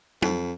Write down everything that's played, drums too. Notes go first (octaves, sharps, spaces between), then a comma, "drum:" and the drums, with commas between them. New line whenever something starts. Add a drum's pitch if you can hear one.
F2, drum: tom